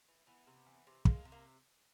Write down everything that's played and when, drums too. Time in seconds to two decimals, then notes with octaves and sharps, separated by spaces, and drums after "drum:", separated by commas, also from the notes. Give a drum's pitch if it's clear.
0.08 E3
0.27 E3 B3
0.47 C3
0.66 E3
0.87 C3
1.05 G#3 A#3, drum: kick
1.25 C3
1.32 A#3